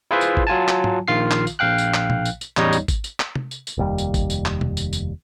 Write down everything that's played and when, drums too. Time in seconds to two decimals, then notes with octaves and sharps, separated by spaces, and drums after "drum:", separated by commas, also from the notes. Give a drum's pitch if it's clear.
0.11 E4 F4 G#4 B4 C5 E5
0.21 drum: tambourine
0.37 drum: kick G#1
0.47 F#3 F4 G#5 A5
0.68 drum: clap
0.84 drum: tom G#2
1.08 A#1 D#3 F4 F5 F6 C7
1.31 drum: clap
1.47 drum: tambourine
1.59 A#1 F5 G5 F#6
1.78 drum: tambourine
1.94 drum: clap
2.10 drum: tom B2
2.25 drum: tambourine
2.41 drum: tambourine
2.57 A1 E2 G3 D#4 C#5 D#5, drum: clap
2.73 drum: tambourine
2.88 drum: kick G#1, tambourine
3.04 drum: tambourine
3.20 drum: clap
3.35 drum: tom
3.51 drum: tambourine
3.67 drum: tambourine
3.78 F1 D#2 G3
3.98 drum: tambourine
4.14 drum: kick G#1, tambourine
4.30 drum: tambourine
4.46 drum: clap
4.61 drum: tom B2
4.77 drum: tambourine
4.93 drum: tambourine